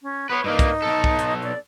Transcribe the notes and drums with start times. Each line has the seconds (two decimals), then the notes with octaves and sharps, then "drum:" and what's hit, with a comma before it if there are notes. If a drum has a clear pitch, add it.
0.03 C#4
0.30 B3 B4 C#5
0.44 G2 A#3 D#4
0.59 drum: kick, hi-hat
0.82 B1 A4
1.04 drum: kick
1.19 drum: hi-hat
1.43 D5